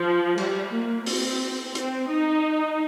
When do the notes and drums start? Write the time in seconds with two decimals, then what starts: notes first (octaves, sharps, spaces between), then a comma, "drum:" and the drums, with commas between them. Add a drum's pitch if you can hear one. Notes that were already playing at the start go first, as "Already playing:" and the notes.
Already playing: F3
0.38 G3, drum: cymbal
0.72 A#3
1.06 C4, drum: open hi-hat
1.75 C4, drum: hi-hat
2.09 D#4